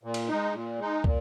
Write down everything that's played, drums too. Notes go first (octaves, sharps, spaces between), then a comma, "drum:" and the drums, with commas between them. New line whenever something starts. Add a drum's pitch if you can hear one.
A#2
drum: cymbal
G#3 D#4
A#2
G#3 D#4
A#2, drum: kick